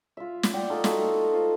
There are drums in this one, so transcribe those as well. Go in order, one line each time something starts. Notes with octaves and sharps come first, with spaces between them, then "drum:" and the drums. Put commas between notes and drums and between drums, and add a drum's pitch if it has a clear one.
F4 E5
drum: snare
D5 F#5 G5
D#4 F4 A4
D#4 F4 F#4 A4, drum: snare
D#5
F4 C5